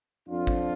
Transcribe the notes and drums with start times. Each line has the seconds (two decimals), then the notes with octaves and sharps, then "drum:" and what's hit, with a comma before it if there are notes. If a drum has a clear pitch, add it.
0.29 F2 F3 D4 F4
0.47 drum: kick